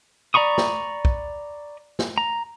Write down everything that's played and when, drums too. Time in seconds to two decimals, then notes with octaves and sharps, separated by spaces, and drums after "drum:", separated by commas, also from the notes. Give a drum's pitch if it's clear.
0.34 D5 A#5 B5 C#6 D#6
0.58 drum: snare
1.05 drum: kick B1
1.99 drum: snare
2.18 A#5